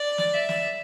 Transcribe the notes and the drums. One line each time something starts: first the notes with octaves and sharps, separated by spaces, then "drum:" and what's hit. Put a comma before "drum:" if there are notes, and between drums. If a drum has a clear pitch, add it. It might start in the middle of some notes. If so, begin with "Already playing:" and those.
Already playing: D5
drum: snare
E5
drum: snare